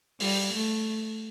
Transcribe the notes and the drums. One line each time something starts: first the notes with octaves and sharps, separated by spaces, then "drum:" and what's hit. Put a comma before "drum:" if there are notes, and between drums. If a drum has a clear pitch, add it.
G3, drum: open hi-hat
A3